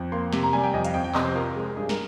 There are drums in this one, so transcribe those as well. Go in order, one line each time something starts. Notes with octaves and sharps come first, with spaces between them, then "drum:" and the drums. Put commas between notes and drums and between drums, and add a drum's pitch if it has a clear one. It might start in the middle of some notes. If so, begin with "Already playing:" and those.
Already playing: F2
A#3 C6
C3, drum: snare
A#5
G3 G#5
G5
F2 D#5
F5, drum: hi-hat
F2 G5
G5
C3 D#5, drum: clap
C5
F3 A#4
G#3
G2 G#4
A#4, drum: snare